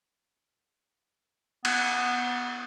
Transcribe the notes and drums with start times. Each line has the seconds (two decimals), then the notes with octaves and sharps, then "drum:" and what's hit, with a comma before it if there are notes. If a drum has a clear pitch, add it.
1.65 B3, drum: cymbal